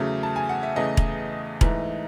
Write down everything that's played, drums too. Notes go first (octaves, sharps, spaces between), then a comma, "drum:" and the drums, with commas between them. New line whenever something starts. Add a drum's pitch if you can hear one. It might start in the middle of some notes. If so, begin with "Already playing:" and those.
Already playing: E2 C#3 F#3 A3
A5
G#5
F#5
E5
E2 C#3 E3 A3 D#5
drum: kick E1
G#2 E3 A3, drum: kick E1